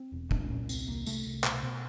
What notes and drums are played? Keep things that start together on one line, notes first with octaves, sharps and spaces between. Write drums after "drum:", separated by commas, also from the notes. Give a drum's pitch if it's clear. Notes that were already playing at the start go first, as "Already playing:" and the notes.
Already playing: C4
E1
C2 D4, drum: kick
A#2 C#4
C2 C4, drum: tambourine
C2 A#3
C2 A3, drum: tambourine
C2
B2, drum: clap
B2